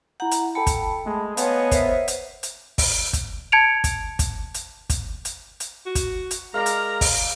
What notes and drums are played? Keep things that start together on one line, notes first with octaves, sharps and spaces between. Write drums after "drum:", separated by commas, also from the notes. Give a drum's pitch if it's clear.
E4 F#5 A#5 G6
drum: hi-hat
A4 G5 A5 B5 C#7
drum: kick, hi-hat
G#3 A3
B3 C#5 D#5 F5 G#5 C6, drum: hi-hat
A#4 C5 E5 B6, drum: kick, hi-hat
drum: hi-hat
drum: hi-hat
drum: kick, open hi-hat
drum: kick, hi-hat
A5 G#6 C#7 D7 F7
drum: kick, hi-hat
drum: kick, hi-hat
drum: hi-hat
drum: kick, hi-hat
drum: hi-hat
drum: hi-hat
F#4
drum: kick, hi-hat
drum: hi-hat
G#3 A#4 D5 F5 A#5
drum: hi-hat
drum: kick, open hi-hat